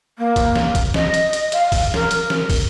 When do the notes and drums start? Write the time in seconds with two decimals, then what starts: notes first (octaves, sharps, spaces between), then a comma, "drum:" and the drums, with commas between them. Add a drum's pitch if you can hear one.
0.18 A#3
0.36 drum: kick, hi-hat
0.56 drum: snare
0.75 drum: kick, hi-hat
0.94 D#5, drum: snare
1.14 drum: hi-hat
1.33 drum: hi-hat
1.52 F5, drum: hi-hat
1.72 drum: kick, open hi-hat
1.94 A#4, drum: snare
2.11 drum: hi-hat
2.30 drum: snare
2.50 drum: kick, open hi-hat